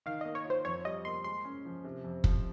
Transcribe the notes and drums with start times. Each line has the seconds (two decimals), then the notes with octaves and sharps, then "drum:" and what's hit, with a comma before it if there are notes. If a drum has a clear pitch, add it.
0.06 D#3 F5
0.21 A#3 D#5
0.35 C#5
0.45 F4 C5
0.65 F2 C#5
0.85 G3 D#5
1.05 A#3 C6
1.24 G#3 C6
1.45 C#4
1.65 F3
1.84 C3
2.04 F2
2.24 F3, drum: kick